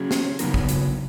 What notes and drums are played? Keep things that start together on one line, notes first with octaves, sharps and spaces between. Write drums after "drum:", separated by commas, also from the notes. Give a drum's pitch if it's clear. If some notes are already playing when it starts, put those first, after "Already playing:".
Already playing: F#3 C#4 G#4
drum: snare
C#3 F#3 B3 D#4 A#4, drum: hi-hat
drum: kick
drum: hi-hat